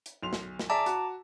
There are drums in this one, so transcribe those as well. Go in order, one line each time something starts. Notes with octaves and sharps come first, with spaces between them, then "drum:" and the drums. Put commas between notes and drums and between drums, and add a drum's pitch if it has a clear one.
drum: hi-hat
B1 C6 F7
drum: snare
drum: snare
G#4 D5 E5 A5 A#5 D6
F#4, drum: hi-hat